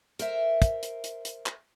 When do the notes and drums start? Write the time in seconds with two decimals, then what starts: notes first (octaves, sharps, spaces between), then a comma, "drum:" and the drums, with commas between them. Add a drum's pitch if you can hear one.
0.19 A#4 C5 E5, drum: hi-hat
0.62 drum: kick, hi-hat
0.83 drum: hi-hat
1.04 drum: hi-hat
1.25 drum: hi-hat
1.46 drum: clap